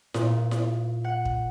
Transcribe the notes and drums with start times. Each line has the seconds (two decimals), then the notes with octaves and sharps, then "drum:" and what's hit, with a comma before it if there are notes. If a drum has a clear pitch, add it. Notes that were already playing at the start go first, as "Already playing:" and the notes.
0.14 A#2, drum: snare E4
0.51 drum: snare E4
1.04 F#5
1.25 drum: kick